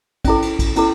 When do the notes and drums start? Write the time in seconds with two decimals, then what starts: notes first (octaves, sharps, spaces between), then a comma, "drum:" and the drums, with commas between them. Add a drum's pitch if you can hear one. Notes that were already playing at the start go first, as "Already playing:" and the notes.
0.25 C#4 E4 A4, drum: kick A#1, cymbal
0.42 drum: cymbal
0.59 drum: kick A#1, cymbal
0.76 C#4 E4 A4, drum: cymbal